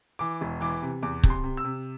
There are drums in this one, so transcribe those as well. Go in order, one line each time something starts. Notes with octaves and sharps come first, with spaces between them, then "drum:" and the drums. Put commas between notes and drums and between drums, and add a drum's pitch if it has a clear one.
E3 D6
E1
E3 D6
C3
E2 D6
C3, drum: kick
C6
C3
E6
C3